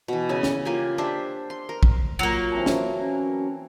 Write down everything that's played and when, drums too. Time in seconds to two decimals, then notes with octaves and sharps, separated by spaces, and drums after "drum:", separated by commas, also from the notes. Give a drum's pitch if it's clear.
0.08 B2 E3
0.29 C#3 E5 G#5
0.43 drum: snare
0.65 A#3 F4 G4 G#5
0.98 D4 G4 C5 E5
1.50 C6
1.69 A#4
1.83 drum: kick
2.19 F#3 A#3 F4
2.52 E3 C4 A5
2.66 drum: snare
2.99 C#4